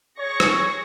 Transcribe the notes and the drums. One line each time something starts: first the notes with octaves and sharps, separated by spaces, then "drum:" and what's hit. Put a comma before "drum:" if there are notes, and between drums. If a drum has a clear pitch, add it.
G#4 C#5 C#6 A#6
drum: rim click